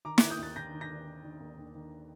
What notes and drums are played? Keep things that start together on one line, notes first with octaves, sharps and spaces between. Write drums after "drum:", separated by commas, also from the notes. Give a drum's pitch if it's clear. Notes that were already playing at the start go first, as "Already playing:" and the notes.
D#3 A#5 D6
D#3 D6 F#6, drum: snare
D#6 G6
D#2 F#6 A6
D#2 G6 A#6
D#3
G6 A#6
D#3
D#3
D#3
D#2
D#2
D#3